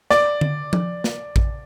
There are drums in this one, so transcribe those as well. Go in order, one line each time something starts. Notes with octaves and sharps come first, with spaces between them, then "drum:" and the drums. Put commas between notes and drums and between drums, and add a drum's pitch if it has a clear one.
D5, drum: snare
drum: tom D3
drum: tom F3
drum: snare
drum: kick A1